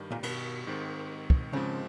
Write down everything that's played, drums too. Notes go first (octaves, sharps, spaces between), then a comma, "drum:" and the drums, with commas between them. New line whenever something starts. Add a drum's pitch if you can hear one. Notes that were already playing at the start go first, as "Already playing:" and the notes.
Already playing: G2 D#3 G3
A#2
B2, drum: cymbal
G#2 D#3 G#3 C4
drum: kick
G#2 C#3 F3 G#3 C4